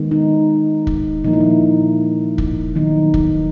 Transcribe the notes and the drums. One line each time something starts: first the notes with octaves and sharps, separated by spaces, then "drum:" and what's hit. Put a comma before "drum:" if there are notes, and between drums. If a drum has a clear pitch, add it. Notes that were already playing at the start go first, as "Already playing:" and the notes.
Already playing: D#3 G#3 B3
D#4
drum: kick
A#2 F3 A#3 D#4
E4
D#4
drum: kick
D#3 F#3 B3 D#4
drum: kick